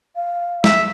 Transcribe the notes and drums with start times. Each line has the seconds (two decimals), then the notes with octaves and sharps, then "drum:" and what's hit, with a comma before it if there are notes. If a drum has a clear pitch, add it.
0.15 F5
0.64 E5, drum: snare